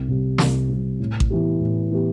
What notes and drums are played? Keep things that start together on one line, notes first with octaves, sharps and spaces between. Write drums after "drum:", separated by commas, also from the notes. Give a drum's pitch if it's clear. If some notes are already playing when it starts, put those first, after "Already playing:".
Already playing: C2
C3 G3
C2, drum: snare
C3 G3
A2
drum: kick A1
E3 B3 E4 G4
A2
E3 B3 E4 G4